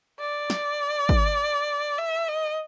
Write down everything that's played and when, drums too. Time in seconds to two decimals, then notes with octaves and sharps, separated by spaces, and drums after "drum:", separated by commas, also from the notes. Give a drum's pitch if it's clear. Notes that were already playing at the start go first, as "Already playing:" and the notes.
0.20 D5
0.50 drum: snare
1.09 drum: kick
1.98 E5
2.28 D#5